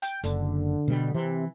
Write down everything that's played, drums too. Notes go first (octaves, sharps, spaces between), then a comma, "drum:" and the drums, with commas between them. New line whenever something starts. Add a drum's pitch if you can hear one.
G5, drum: hi-hat
F#1 D3, drum: hi-hat
B2 G3
C3 E3